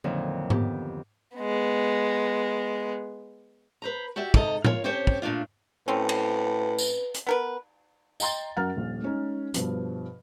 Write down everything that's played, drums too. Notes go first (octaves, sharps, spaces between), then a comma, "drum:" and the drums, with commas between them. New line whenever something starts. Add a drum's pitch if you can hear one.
F2 A#2 D3 D#3 F#3
B3 G4, drum: tom G#2
G#3 B3
B4 C5 A#5
F#4 G4 D5 E5
G#2 C3 A4 D#5 A#5, drum: kick
F4 A#4 C#5, drum: tom A2
C4 C#4 G4 A4 C5 C#5
drum: kick
A#2 A3 D4 F4
A2 C4 C#4 B4
drum: cymbal
drum: tambourine
drum: hi-hat
B3 A#4 B4
D#5 G5 A#5 C6 A6, drum: tambourine
F#2 A#4 F#5 A#5 F6 A6
D#1 A#1
G#3 C#4 D#4
G2 B2 F3, drum: hi-hat